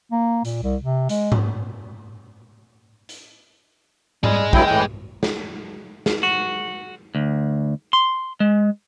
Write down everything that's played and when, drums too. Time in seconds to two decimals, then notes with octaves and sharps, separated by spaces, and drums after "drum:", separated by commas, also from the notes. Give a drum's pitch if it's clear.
0.12 A#3
0.45 A#2, drum: hi-hat
0.63 C2
0.83 C3
1.09 G#3, drum: hi-hat
1.32 drum: tom G#2
3.09 drum: hi-hat
4.24 G3 G#4 D#5, drum: tom G#2
4.53 G2 F#3 E4 G5, drum: kick
4.67 A2 E3 G5
5.23 drum: snare
6.06 drum: snare
6.23 F#4
7.15 D2
7.93 C6
8.40 G#3